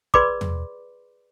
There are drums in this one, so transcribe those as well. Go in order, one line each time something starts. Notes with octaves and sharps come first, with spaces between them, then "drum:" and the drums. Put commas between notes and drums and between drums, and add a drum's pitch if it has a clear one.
G#4 B4 D5 B5 C6 D6, drum: kick
drum: tom